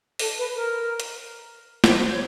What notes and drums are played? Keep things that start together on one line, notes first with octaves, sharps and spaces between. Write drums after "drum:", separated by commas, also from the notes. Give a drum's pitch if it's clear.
A4, drum: open hi-hat
B4
A#4
drum: hi-hat
C5, drum: snare
C5
C#5